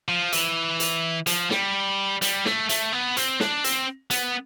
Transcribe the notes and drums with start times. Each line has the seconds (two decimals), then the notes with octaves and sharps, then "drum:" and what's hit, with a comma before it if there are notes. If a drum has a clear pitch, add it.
0.08 F3
0.32 E3, drum: hi-hat
0.80 drum: hi-hat
1.27 F3, drum: hi-hat
1.51 G3, drum: snare
2.22 G3, drum: hi-hat
2.45 A3, drum: snare
2.69 A3, drum: hi-hat
2.93 B3
3.17 C4, drum: hi-hat
3.40 D4, drum: snare
3.64 C4, drum: hi-hat
4.10 B3, drum: hi-hat